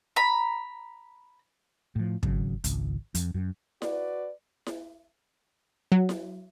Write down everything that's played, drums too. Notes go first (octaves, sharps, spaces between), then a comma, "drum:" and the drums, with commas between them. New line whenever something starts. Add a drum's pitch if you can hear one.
A#5 B5
A2 F3
G#1 C#3 F#3, drum: kick
G#1 C#2, drum: hi-hat
F2, drum: hi-hat
F#2
F#4 B4 D5, drum: snare E4
drum: snare E4
F#3
drum: snare E4